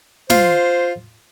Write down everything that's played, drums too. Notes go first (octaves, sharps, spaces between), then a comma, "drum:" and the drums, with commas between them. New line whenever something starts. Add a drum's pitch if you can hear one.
F4 C5, drum: snare